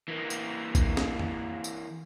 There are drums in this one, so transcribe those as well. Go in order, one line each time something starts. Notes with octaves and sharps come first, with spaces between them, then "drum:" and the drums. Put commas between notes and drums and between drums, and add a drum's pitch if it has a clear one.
E3 A#3
drum: tambourine
drum: kick A#1, tambourine
drum: snare
drum: tom F2
drum: tambourine